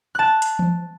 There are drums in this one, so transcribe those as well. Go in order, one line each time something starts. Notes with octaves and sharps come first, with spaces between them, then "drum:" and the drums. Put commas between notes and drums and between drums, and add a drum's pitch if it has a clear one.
A5 F#6
drum: hi-hat
drum: tom E3